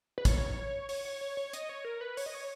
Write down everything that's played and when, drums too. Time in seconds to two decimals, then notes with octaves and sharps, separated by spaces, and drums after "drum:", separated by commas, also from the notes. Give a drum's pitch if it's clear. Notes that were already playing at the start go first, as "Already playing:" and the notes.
0.18 B4
0.25 C#5, drum: kick, hi-hat
0.89 C#5, drum: open hi-hat
1.05 C#5
1.21 C#5
1.37 C#5
1.53 D#5, drum: hi-hat
1.69 C#5
1.85 A#4
2.01 B4
2.17 C#5, drum: open hi-hat
2.26 D#5
2.35 C#5